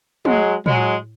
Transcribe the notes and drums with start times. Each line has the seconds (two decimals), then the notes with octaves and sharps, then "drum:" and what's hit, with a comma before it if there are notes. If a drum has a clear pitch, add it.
0.25 F#3 G#3, drum: tom
0.66 F#3 G#3, drum: tom